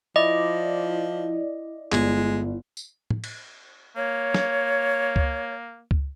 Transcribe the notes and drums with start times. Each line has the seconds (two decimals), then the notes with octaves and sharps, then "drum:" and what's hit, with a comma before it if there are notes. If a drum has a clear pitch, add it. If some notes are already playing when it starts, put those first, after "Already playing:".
0.16 F3 E4 D5 D#5
1.92 G1 G#3, drum: clap
2.77 drum: tambourine
3.10 drum: tom
3.24 drum: cymbal
3.96 A#3 C#5
4.35 drum: snare
5.16 drum: kick C#2
5.91 drum: kick C#2